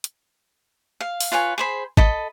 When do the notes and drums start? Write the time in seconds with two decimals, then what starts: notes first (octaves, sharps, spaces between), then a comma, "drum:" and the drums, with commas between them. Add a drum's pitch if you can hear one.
0.04 drum: hi-hat
1.00 F5
1.20 drum: open hi-hat
1.32 F4 B4 C#5 G#5
1.58 G#4 C5 B5
1.97 A4 D#5 B5, drum: kick